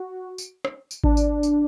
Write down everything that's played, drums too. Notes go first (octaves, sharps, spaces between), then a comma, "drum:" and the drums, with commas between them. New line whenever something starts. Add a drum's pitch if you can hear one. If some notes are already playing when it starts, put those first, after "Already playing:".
Already playing: F#4
drum: tambourine
drum: rim click
drum: tambourine
D4, drum: kick G#1
drum: tambourine
drum: tambourine